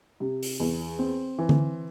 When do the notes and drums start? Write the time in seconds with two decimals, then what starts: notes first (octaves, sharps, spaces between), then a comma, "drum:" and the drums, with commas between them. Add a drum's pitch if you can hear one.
0.20 C3
0.43 drum: open hi-hat
0.60 E2
0.99 C4
1.39 E3
1.49 drum: tom D3